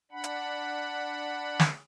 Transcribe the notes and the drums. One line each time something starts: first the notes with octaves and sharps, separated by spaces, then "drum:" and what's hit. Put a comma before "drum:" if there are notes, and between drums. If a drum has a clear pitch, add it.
D4 F#5 B5
drum: hi-hat
drum: snare